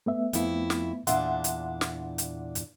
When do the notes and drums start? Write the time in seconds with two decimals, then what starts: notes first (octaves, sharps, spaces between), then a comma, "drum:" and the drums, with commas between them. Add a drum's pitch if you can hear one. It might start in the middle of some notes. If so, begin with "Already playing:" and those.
0.06 A3 B3 E5
0.33 F2 E4, drum: hi-hat
0.70 drum: snare
1.07 E2 A#2 D4 E5 F#5 C6, drum: hi-hat
1.44 drum: hi-hat
1.81 drum: snare
2.18 drum: hi-hat
2.55 drum: hi-hat